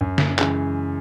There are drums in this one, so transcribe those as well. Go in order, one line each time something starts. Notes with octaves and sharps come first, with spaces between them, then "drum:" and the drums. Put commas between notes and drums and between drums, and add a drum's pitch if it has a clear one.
F#2
drum: snare
C#3 E3 G#3, drum: clap